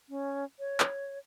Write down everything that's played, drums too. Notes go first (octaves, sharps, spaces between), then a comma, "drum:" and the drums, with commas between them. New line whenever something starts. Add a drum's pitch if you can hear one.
C#4
C#5
drum: clap